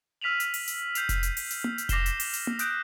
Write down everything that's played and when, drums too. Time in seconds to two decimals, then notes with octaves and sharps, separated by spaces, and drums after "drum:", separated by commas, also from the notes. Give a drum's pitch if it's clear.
0.22 E6 F6 B6 D#7 F7 F#7
0.40 drum: hi-hat
0.54 drum: open hi-hat
0.68 drum: hi-hat
0.95 G6 C7 F7, drum: hi-hat
1.09 drum: kick F1, hi-hat
1.23 drum: hi-hat
1.37 drum: open hi-hat
1.50 drum: hi-hat
1.64 drum: tom A#3
1.78 drum: hi-hat
1.89 D6 A#6 C7 E7 G7, drum: kick F1, hi-hat
2.06 drum: hi-hat
2.20 drum: open hi-hat
2.33 drum: hi-hat
2.47 drum: tom A#3
2.59 D#6 F#6 G6 D7, drum: hi-hat